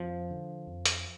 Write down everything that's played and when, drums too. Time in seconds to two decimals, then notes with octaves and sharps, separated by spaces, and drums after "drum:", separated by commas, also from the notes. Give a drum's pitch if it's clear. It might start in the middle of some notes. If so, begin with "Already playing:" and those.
Already playing: F2 F3
0.30 D3
0.67 F2
0.86 drum: hi-hat